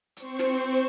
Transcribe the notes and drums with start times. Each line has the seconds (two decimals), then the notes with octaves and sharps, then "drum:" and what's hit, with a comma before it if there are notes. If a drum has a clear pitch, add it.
0.17 C4 C5 C#6, drum: hi-hat
0.39 drum: snare